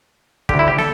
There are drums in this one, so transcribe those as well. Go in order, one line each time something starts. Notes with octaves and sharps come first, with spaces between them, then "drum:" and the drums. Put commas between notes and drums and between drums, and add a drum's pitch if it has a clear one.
D2 D3 G4, drum: kick
E4
G4
A4, drum: snare